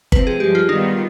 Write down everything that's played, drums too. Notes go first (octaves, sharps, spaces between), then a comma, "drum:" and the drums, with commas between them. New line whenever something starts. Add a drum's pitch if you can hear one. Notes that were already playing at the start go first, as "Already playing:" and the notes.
C3 F3 C4 B4, drum: kick G1
G#4
G2 F3 G#3 G4
F4
D#3 G3 B3 D#4 F4